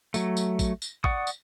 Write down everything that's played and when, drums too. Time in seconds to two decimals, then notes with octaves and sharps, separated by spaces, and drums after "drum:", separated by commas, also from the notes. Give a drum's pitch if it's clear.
0.14 F#3 A3, drum: tambourine
0.37 drum: tambourine
0.59 drum: kick A1, tambourine
0.82 drum: tambourine
1.04 D5 F#5 C#6 D#6, drum: kick A1
1.27 drum: tambourine